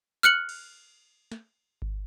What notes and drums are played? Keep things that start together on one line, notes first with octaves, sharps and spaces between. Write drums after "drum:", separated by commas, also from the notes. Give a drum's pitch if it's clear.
F6 F#6 C#7 F#7
drum: cymbal
drum: snare
drum: kick G1